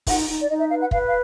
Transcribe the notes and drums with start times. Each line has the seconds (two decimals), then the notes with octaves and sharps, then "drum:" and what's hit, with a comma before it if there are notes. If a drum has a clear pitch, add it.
0.07 D#4 F#5, drum: kick, open hi-hat
0.28 D#4
0.41 D5
0.49 D#4 D#5
0.59 E5
0.70 B4 F5
0.81 F#5
0.91 B4 F5, drum: kick
1.07 F5